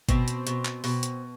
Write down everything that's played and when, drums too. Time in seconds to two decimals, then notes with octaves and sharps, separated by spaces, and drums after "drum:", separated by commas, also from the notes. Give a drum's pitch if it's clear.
0.09 B2 C4, drum: kick G#1, hi-hat
0.28 drum: hi-hat
0.47 B2, drum: hi-hat
0.65 drum: clap
0.84 B2, drum: open hi-hat
1.03 drum: hi-hat